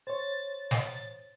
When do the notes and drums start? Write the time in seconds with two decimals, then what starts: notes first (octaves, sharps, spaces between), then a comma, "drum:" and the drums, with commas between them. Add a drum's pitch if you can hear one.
0.07 C5 C#5 A6
0.71 drum: snare